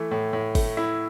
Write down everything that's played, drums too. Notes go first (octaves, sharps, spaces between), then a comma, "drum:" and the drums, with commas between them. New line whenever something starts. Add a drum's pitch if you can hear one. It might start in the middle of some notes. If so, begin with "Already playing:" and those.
Already playing: E3 A3
A2
A2
A3, drum: kick, open hi-hat
E4